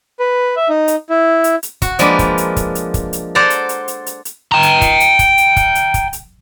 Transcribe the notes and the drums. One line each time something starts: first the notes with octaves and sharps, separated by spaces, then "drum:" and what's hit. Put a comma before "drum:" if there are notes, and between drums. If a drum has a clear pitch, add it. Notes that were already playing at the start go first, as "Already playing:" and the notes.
B4
E5
D#4
drum: hi-hat
E4
drum: hi-hat
drum: hi-hat
F#4, drum: kick, hi-hat
F3 G#3 A#3 D4 A#4 B4, drum: hi-hat
drum: kick, hi-hat
drum: hi-hat
drum: kick, hi-hat
drum: hi-hat
drum: kick, hi-hat
drum: hi-hat
A4 C5 D5 F#5 A5 A#5
drum: hi-hat
drum: hi-hat
drum: hi-hat
drum: hi-hat
drum: hi-hat
G5 A#5
drum: hi-hat
drum: kick, hi-hat
drum: hi-hat
drum: kick, hi-hat
drum: hi-hat
drum: kick, hi-hat
drum: hi-hat
drum: kick, hi-hat
drum: hi-hat